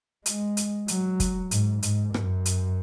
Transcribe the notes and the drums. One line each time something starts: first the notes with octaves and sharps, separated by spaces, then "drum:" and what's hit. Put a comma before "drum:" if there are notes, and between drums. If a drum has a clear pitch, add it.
G#3, drum: hi-hat
drum: hi-hat
F#3, drum: hi-hat
drum: kick, hi-hat
G#2, drum: hi-hat
G#2, drum: hi-hat
F#2, drum: rim click
drum: hi-hat